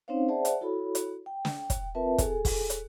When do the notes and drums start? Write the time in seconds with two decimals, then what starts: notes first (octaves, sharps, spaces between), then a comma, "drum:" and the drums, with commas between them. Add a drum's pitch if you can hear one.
0.08 C4 C#4 D#4 C5 C#5 F5
0.28 G#4 C5 D5 E5 F#5 A5
0.45 drum: hi-hat
0.61 E4 F#4 A4 C#5 B5
0.95 drum: hi-hat
1.26 G5
1.45 drum: snare
1.70 drum: kick, hi-hat
1.95 C4 F4 A#4 B4 E5 A5
2.18 G#4 A4 G#5, drum: kick, hi-hat
2.45 drum: kick, open hi-hat
2.70 drum: hi-hat